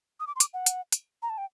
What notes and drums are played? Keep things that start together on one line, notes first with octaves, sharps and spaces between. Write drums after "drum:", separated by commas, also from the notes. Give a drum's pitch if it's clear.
D#6
D6
C6
D6, drum: hi-hat
F#5
drum: hi-hat
drum: hi-hat
A#5
A5
G5